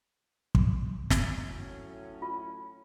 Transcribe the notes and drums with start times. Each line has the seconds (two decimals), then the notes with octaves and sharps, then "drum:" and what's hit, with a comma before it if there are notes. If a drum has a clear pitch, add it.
0.55 drum: kick
1.10 drum: snare
1.42 A2 F#3 C#4
2.22 F4